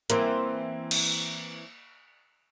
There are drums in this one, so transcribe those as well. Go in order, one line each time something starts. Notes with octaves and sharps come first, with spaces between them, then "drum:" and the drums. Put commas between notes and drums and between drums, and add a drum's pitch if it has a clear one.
E3 A#3 C4, drum: hi-hat
drum: cymbal